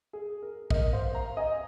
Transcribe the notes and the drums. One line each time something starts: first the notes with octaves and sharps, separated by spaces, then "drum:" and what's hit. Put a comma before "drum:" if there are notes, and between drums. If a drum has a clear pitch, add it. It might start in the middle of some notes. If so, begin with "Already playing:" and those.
G#4
A#4
A#4 D#5, drum: kick
C5 F5
F5 A#5
D#5 G#5